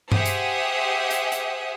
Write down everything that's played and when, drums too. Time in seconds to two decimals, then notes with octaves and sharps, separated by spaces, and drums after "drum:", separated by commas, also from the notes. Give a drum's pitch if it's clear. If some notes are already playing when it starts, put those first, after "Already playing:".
0.12 G4 G#4 C5 E5 F#5 D#6, drum: tom G2
0.26 drum: hi-hat
1.11 drum: hi-hat
1.32 drum: hi-hat